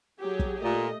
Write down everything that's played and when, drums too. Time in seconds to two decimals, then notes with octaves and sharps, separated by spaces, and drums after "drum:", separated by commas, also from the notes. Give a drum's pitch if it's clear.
0.20 F#3 G4 G#4
0.39 drum: kick
0.63 A#2 A3 D#5